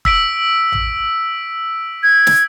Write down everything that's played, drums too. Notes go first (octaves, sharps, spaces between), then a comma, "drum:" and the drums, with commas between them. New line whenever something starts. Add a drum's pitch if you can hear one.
E6 B6 D7, drum: kick
drum: tom A1
G#6
drum: snare